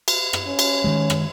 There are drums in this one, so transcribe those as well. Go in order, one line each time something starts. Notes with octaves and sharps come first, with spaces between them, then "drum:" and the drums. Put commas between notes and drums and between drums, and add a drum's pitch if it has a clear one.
drum: cymbal
drum: rim click
C#4
drum: cymbal
D#3 G#3
drum: rim click